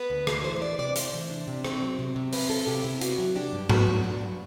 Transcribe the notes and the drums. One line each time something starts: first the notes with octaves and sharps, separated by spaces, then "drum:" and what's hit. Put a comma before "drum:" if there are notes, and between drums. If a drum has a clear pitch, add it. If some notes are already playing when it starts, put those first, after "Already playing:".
Already playing: B3 B4
D2
A3 C5, drum: rim click
E3 C5
C5
D4 D5
C3 D5
A3 C5, drum: hi-hat
E3
D4
C3
C4, drum: rim click
F#3
C3
C3
C4 B4, drum: open hi-hat
F#3 A4
C3 G4
C3 E4
B3 F#4, drum: hi-hat
F#3
D4 G4
G2
B3 F#4, drum: tom G#2
F#3
D4 F#4
G2